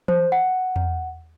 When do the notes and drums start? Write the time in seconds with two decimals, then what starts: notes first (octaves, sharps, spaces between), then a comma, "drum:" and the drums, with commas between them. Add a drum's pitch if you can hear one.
0.08 C5, drum: tom E3
0.32 F#5
0.76 drum: tom E2